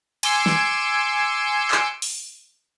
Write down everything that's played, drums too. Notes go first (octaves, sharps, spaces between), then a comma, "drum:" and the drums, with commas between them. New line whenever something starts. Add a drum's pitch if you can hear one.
G#5 C6 D6 E6 C#7 D7, drum: cymbal
drum: snare
drum: clap
drum: open hi-hat